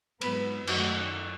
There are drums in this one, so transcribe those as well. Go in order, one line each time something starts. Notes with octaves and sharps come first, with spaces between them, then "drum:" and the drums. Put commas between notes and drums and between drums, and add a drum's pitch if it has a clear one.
G#2 F#3 B3 B4, drum: cymbal
F#2 D#3 F#3 A3 F#4, drum: cymbal